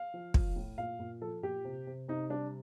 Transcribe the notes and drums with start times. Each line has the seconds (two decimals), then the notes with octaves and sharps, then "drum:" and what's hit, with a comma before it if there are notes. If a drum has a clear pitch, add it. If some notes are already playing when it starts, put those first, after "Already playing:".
Already playing: F5
0.14 F3
0.34 F3, drum: kick
0.56 A2
0.78 A#2 F5
0.99 A#2
1.21 F3 A4
1.43 A#2 G4
1.65 C3
1.87 C3
2.08 C3 D#4
2.30 G3 D4